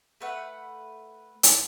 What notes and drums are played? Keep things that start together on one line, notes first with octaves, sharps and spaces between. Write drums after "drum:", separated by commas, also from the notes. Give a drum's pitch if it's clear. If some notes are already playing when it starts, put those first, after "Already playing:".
A3 B4 F#5
drum: hi-hat